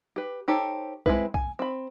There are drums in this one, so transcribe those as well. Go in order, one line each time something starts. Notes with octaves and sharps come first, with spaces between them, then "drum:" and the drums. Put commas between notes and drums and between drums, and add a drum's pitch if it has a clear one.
G4 B4
D#4 G4 A4 C5 C#5
G#3 A#3 C4 E4 B4, drum: kick
G#5, drum: kick
C4 B5